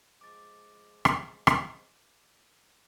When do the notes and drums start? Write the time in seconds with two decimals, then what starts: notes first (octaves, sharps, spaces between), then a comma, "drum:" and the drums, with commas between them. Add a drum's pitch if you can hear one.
0.21 F3 G#3 D6 A6
1.05 drum: rim click
1.47 drum: rim click